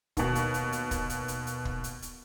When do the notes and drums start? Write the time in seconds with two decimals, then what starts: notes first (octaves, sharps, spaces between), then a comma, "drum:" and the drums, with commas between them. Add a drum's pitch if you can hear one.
0.17 D#2 B2, drum: kick, hi-hat
0.35 drum: hi-hat
0.54 drum: hi-hat
0.72 drum: hi-hat
0.91 drum: kick, hi-hat
1.10 drum: hi-hat
1.28 drum: hi-hat
1.47 drum: hi-hat
1.65 drum: kick
1.84 drum: hi-hat
2.02 drum: hi-hat